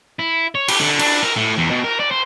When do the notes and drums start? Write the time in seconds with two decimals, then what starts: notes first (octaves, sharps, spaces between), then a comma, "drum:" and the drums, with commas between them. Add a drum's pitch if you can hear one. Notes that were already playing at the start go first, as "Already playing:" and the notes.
0.19 E4
0.55 C#5
0.68 G4, drum: cymbal
0.80 D3
0.99 D4, drum: cymbal
1.23 A#4
1.37 A2
1.58 E2
1.71 B2
1.84 A#4
2.00 D5
2.11 C5